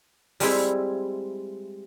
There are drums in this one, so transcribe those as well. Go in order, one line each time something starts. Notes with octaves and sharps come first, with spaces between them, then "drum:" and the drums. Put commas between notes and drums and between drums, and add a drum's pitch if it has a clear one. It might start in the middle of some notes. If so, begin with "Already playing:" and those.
G3 G#3 C4 E4, drum: open hi-hat